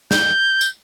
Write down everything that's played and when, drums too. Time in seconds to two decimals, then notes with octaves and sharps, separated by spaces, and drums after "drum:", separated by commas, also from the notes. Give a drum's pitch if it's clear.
0.11 G6, drum: snare
0.61 drum: tambourine